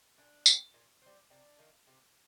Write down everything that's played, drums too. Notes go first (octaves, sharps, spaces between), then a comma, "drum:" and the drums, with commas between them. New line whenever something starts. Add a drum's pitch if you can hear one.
A#2 D4
G3 C4, drum: tambourine
A#2
G3 C4
C3 D4
D#3 A#3
C3